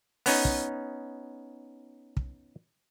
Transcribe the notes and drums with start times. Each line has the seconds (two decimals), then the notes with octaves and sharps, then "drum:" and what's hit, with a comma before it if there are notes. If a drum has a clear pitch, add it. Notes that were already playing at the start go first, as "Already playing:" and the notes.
0.26 B3 C#4 D#4, drum: open hi-hat
0.45 drum: kick
2.17 drum: kick